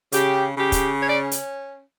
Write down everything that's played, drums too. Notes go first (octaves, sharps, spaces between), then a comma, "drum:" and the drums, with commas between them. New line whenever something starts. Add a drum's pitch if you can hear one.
C#3 G4, drum: hi-hat
C#3 G4
drum: kick, hi-hat
C#4 C#5
D5
drum: hi-hat